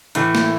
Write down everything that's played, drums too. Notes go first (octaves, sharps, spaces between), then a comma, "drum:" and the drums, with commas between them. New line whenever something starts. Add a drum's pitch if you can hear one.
A2 E3 A3, drum: hi-hat
drum: snare